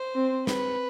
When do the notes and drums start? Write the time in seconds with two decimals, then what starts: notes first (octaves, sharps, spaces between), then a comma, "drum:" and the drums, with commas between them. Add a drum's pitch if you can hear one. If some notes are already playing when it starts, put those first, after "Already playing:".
Already playing: C5
0.15 C4
0.47 B4, drum: snare